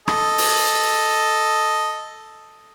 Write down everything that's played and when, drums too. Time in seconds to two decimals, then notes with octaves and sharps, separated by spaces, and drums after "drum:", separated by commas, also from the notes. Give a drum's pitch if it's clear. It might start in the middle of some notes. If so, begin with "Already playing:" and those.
0.08 A4 D#5, drum: rim click
0.38 drum: open hi-hat